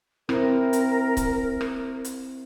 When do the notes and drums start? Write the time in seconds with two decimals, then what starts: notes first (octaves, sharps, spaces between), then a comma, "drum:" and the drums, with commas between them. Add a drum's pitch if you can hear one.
0.29 C4 E4 A#4, drum: rim click
0.73 drum: hi-hat
1.17 drum: kick C#1, hi-hat
1.61 drum: rim click
2.05 drum: hi-hat